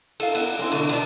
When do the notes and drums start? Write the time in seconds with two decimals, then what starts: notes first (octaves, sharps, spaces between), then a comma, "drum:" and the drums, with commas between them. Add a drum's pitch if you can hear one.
0.20 A4 F5, drum: cymbal
0.35 B3, drum: cymbal
0.59 G#3 C4 E4
0.72 B2 D3, drum: cymbal
0.89 B2 E3 D4 G#4 D5 A5, drum: cymbal